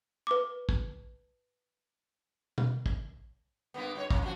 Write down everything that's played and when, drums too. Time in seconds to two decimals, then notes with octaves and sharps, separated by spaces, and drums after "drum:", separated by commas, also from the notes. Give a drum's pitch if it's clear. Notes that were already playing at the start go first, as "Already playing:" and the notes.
0.27 B4 D6
0.69 drum: kick
2.58 drum: tom B2
2.86 drum: kick
3.74 G2 A#3 B3
3.95 G2 F4 C#5
4.10 A2 A#3 C#4, drum: kick
4.22 F3 D4 F#4